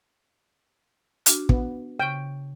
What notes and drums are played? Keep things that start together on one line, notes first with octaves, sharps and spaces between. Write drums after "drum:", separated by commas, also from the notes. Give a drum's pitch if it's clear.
D4 F#4 F6, drum: hi-hat
B3, drum: kick
C#3 G5 C#6